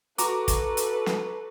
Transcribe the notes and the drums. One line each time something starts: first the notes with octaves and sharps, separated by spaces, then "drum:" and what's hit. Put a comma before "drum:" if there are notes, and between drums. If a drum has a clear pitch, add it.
F#4 A4 B4 A#5 D6, drum: hi-hat
drum: kick, hi-hat
drum: hi-hat
drum: snare